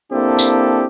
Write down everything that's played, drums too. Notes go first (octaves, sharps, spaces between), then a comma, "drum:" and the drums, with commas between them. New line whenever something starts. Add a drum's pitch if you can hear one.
A#3 C4 D4 E4 G4 A4
drum: tambourine